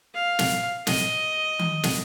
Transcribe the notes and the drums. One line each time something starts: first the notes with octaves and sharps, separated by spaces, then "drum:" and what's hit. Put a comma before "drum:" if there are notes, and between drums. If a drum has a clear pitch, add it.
F5
drum: snare
D#5, drum: snare
drum: tom D#3
drum: snare